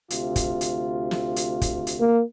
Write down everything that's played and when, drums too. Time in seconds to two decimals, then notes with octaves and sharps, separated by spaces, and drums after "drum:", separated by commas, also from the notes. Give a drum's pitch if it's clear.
0.10 D2 C3 F4, drum: hi-hat
0.36 drum: kick, hi-hat
0.61 drum: hi-hat
1.11 drum: snare
1.36 drum: hi-hat
1.61 drum: kick, hi-hat
1.87 drum: hi-hat
2.00 A#3